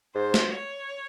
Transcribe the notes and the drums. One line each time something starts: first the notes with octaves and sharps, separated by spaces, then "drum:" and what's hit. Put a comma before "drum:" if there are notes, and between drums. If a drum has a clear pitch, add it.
G#2 C5
drum: snare
C#5